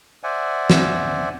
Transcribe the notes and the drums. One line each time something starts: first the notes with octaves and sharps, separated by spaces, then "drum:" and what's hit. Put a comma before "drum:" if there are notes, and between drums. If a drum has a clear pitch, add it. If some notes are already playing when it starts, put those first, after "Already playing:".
C5 D5 E5 F#5 G#5
drum: snare